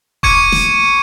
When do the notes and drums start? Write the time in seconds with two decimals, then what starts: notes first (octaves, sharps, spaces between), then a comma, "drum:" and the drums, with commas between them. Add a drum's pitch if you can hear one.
0.23 C#6 D6 G#6 C#7 D#7, drum: kick E1
0.52 drum: snare